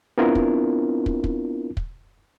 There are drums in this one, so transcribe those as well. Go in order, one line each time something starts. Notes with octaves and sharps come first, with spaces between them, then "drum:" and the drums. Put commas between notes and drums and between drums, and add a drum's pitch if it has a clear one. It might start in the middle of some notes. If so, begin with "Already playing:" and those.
B3 C4 D4 E4 F4 A#4
drum: kick
drum: kick
drum: kick
drum: kick